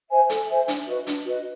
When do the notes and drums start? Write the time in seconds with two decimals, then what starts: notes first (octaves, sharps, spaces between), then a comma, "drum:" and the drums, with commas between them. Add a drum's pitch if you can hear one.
0.10 C5 E5 G#5
0.30 A4, drum: hi-hat
0.49 C5 E5 G#5
0.68 D4, drum: hi-hat
0.87 F#4 B4 D#5
1.07 D4, drum: hi-hat
1.26 F#4 B4 D#5